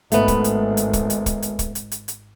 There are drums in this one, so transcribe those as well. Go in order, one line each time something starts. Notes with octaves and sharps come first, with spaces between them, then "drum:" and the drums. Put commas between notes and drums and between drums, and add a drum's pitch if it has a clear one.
G#1 G#2 A3 B3, drum: hi-hat
drum: kick, hi-hat
drum: hi-hat
drum: hi-hat
drum: kick, hi-hat
drum: hi-hat
drum: kick, hi-hat
drum: hi-hat
drum: kick, hi-hat
drum: hi-hat
drum: hi-hat
drum: hi-hat